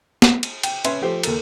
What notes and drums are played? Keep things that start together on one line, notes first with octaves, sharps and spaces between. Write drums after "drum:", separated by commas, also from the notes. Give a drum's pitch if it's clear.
drum: snare
drum: cymbal
G5, drum: cymbal
C#4 B4 C#5 E5 C6, drum: cymbal
F3 A3 G4 C5
D#2 A4 A#4, drum: cymbal